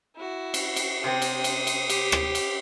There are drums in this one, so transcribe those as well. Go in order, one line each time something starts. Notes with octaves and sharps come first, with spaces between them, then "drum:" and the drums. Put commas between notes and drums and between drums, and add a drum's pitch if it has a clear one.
E4 F#4
drum: cymbal
drum: cymbal
C3 C4 D#6
drum: cymbal
drum: cymbal
drum: cymbal
G4, drum: cymbal
drum: rim click
drum: cymbal